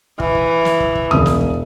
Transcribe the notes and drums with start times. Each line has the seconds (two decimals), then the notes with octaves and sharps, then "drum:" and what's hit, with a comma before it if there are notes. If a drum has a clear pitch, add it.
0.20 E3, drum: kick
0.35 drum: kick
0.65 drum: snare
0.80 drum: kick
0.95 drum: kick
1.11 E1 D#6, drum: tom C#2
1.26 drum: snare
1.41 drum: kick